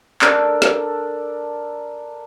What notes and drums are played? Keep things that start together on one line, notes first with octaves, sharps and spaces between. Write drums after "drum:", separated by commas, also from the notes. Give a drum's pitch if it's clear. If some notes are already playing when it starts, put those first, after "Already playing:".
D4 A4 A#4, drum: clap
drum: snare